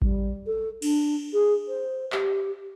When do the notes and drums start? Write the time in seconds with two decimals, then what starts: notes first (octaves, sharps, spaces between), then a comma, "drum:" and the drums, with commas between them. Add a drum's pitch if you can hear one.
0.02 G3, drum: kick A1
0.47 A4
0.82 D4, drum: cymbal
1.33 G#4
1.68 C5
2.12 G4, drum: clap